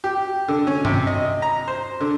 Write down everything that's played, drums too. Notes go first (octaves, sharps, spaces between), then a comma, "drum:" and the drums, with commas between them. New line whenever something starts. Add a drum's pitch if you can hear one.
G4
D3
C#4
C3, drum: tom G2
D#5
A#5
C5
D3